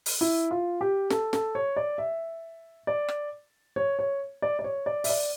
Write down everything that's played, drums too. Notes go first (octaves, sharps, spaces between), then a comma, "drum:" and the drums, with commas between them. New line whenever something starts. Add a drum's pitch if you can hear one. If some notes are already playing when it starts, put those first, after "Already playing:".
drum: open hi-hat
E4
F4
G4
A4, drum: snare
A4, drum: snare
C#5
D5
E5
D5
drum: rim click
C#5
C#5
D5
D5
C#5
D5
E5, drum: open hi-hat
D5